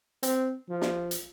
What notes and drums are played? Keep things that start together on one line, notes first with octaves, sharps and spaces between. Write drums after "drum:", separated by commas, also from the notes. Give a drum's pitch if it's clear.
C4, drum: hi-hat
F3
drum: snare
drum: hi-hat